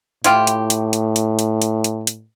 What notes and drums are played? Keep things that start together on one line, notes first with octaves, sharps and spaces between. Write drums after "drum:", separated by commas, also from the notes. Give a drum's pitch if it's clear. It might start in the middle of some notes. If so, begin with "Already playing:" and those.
A2 E4 F4 G4, drum: hi-hat
drum: hi-hat
drum: hi-hat
drum: hi-hat
drum: hi-hat
drum: hi-hat
drum: hi-hat
drum: hi-hat
drum: hi-hat